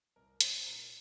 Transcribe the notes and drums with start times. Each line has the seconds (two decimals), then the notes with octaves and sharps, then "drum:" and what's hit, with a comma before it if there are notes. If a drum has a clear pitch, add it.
0.16 C2 A#4
0.41 C2 C5, drum: hi-hat
0.66 A#2 A#4